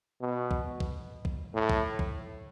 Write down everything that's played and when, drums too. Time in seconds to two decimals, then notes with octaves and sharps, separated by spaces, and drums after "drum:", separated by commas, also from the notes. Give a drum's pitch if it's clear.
0.21 B2
0.51 drum: kick
0.80 drum: kick
1.25 drum: kick
1.54 A2
1.69 drum: kick
1.99 drum: kick